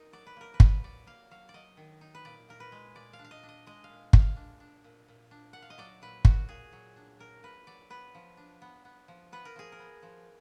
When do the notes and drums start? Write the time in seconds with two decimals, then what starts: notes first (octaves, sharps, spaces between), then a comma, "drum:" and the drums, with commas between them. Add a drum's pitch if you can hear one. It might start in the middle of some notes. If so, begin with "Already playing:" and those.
Already playing: D#4 A#4
0.13 F#3 D5
0.27 B4
0.37 A#3 A#4
0.54 B4
0.60 F#3, drum: kick
0.84 F#3 D5
1.07 A#3 F5
1.31 F#3 F5
1.49 D5
1.54 F#3 D#5
1.77 D#3
2.01 D#4
2.15 B4
2.25 A#2 D5
2.49 A#2 A#4
2.60 B4
2.72 G#3
2.95 A#2 D5
3.13 F5
3.19 D4
3.24 F5
3.31 D#5
3.43 D4
3.49 D#5
3.67 G#3 D#5
3.84 F5
3.89 A#2
4.13 G#3, drum: kick
4.20 F5
4.36 D4
4.60 D4
4.84 A#2
5.08 A#2
5.31 D4
5.53 A#2 F#5
5.62 F5
5.70 D#5
5.78 F#3 D5
6.02 A#2 B4
6.25 A#2 F#4, drum: kick
6.49 A#2 G#4
6.73 F#3
6.96 D4
7.19 A#2 A#4
7.43 A#2 B4
7.67 F#3 D5
7.90 B3 B4
8.15 F3
8.37 D4
8.62 B3
8.85 B3
9.08 F3
9.32 B3 B4
9.45 A#4
9.56 F3 G#4
9.72 A#4
9.79 B3
10.02 F3